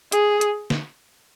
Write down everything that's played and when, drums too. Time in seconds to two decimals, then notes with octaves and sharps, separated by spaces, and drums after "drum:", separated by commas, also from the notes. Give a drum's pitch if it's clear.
0.12 G#4, drum: hi-hat
0.41 drum: hi-hat
0.70 drum: snare